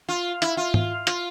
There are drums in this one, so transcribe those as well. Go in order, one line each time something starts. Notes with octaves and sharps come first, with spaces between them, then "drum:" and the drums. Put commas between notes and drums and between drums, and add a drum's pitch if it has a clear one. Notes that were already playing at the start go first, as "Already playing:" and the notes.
F4
E4, drum: hi-hat
F4
drum: tom
F4, drum: hi-hat